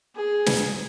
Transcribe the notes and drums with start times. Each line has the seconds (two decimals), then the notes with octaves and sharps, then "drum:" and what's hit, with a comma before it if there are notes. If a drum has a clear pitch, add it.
0.15 G#4
0.46 drum: snare